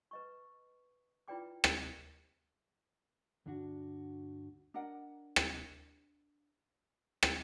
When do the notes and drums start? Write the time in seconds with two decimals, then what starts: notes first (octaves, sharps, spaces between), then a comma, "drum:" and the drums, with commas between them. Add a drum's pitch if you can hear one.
0.11 B4 D#5 C#6
1.28 E4 F4 B4 D5 G5 D6
1.64 drum: rim click
3.46 D2 G2 D3 D4 F#4
4.74 D4 A#4 D#5 F#5
5.36 drum: rim click
7.23 drum: rim click